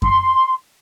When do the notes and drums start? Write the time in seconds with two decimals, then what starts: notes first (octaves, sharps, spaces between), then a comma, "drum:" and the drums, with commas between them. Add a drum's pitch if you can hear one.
0.02 C6, drum: kick F#2